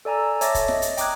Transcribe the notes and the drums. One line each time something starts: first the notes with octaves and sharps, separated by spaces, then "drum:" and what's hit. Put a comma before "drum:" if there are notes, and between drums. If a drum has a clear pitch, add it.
A4 D5 G#5 A#5 E6
C#5 E5 A5 D6 A6 A#6, drum: hi-hat
drum: kick, hi-hat
D#5, drum: snare
drum: hi-hat
G5 A#5 D6 D#6 F#6 G#6, drum: hi-hat